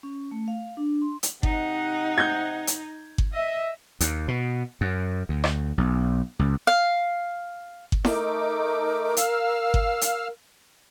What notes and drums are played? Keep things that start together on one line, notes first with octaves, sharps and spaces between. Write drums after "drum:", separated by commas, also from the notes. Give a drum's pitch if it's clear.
C#4
A3
F5
D4
C6
drum: hi-hat
C3 D#4 D#5 F#5, drum: kick G1
G6 G#6
drum: hi-hat
drum: kick G1
D#5 E5
D#2, drum: hi-hat
B2
F#2
D2
drum: rim click
B1
C#2
F5
drum: kick G1
A3 D#4 A#4 D6, drum: snare E4
F5 E6 F6, drum: hi-hat
drum: kick G1
drum: hi-hat